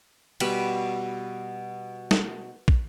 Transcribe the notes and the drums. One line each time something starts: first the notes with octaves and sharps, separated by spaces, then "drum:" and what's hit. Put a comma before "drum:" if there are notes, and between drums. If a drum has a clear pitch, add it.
B2 G3 B5, drum: cymbal
drum: snare
drum: kick